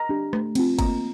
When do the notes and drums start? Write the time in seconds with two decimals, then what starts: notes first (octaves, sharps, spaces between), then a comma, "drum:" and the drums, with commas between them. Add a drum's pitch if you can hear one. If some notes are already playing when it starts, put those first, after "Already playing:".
Already playing: A#5
0.09 D4 G4
0.33 A3, drum: rim click
0.55 C4 F4, drum: cymbal
0.79 A#3 A#5, drum: kick G1, cymbal